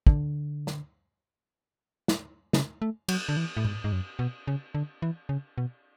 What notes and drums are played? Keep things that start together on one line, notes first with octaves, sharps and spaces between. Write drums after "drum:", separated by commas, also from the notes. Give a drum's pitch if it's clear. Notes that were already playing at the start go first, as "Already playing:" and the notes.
D3, drum: kick
drum: snare
drum: snare
C#3, drum: snare
A3
F#3, drum: cymbal
D3
E3
A2
G#2, drum: tom A2
G#2
F#2
B2
C#3
D3
E3
C#3
B2